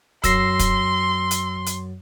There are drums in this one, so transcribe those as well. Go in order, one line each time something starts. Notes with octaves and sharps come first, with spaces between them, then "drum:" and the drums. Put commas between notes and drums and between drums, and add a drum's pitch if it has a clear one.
F#2 C6 E6 A#6 C7, drum: kick, hi-hat
drum: kick, hi-hat
drum: hi-hat
drum: hi-hat